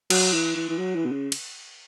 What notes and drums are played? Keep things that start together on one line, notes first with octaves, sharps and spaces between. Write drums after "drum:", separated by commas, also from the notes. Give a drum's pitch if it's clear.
F#3, drum: cymbal
E3
E3
E3
F#3
E3
B2
C#3
drum: cymbal